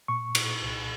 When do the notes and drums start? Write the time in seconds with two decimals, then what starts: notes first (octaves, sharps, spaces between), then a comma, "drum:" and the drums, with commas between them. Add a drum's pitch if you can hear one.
0.08 A#2 C#6
0.35 A#2, drum: cymbal
0.63 C2